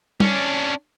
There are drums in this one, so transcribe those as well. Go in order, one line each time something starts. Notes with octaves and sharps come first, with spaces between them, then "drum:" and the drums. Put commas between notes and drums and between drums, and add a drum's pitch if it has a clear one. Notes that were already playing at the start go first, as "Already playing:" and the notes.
C#4 D4, drum: tom